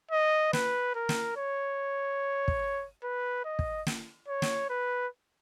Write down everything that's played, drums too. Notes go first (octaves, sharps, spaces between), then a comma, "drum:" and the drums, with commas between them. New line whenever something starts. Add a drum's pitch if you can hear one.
D#5
B4, drum: snare
A#4
drum: snare
C#5
drum: kick
B4
D#5
drum: kick
drum: snare
C#5
drum: snare
B4